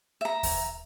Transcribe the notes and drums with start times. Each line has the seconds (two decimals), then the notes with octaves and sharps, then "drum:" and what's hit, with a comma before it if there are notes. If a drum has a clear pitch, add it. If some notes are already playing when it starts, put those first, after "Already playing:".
0.21 E5 A#5
0.43 drum: kick D#2, open hi-hat